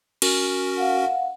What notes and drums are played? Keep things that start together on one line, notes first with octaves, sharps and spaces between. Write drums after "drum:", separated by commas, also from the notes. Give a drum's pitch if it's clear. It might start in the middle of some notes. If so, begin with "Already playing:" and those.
C#4 F#4 A#4, drum: cymbal
F5 F#5